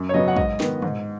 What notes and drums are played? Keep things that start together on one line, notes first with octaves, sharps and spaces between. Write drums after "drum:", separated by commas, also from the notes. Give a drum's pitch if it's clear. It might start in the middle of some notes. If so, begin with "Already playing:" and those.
Already playing: F#2
C#5
C#3 F#3 B3 D#5
F#5
G#2 D#5, drum: kick
D#3 B3, drum: snare
G#2, drum: tom